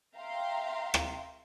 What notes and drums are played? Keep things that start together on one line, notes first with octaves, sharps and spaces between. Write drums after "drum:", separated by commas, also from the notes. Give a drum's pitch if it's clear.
E5 F5 G5 A#5 C6
drum: rim click